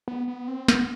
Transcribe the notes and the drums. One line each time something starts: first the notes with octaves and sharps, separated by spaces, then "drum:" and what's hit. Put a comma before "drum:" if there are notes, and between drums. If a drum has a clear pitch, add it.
B3
B3
C4
B3, drum: snare